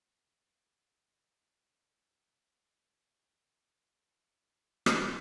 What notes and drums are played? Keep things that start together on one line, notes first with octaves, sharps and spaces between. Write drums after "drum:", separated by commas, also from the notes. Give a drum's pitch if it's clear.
A3
B3
B3
drum: rim click